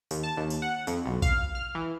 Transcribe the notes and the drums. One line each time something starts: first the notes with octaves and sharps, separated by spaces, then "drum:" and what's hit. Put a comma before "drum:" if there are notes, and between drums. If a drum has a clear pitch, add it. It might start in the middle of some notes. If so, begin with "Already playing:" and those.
D#2, drum: tambourine
A5
D#2
drum: tambourine
F#5
F2, drum: tambourine
B1
F5, drum: kick A#1, tambourine
F6
E3